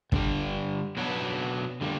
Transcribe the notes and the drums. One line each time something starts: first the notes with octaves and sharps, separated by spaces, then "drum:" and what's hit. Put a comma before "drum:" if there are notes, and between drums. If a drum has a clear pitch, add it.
G2 D3 G3, drum: kick
B2 F#3 B3 D4
D3 G3 A#3